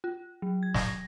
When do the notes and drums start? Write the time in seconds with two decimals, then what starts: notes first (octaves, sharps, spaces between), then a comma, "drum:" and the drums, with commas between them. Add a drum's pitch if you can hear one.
0.04 F4
0.42 F#3
0.63 G#6
0.74 A#6, drum: snare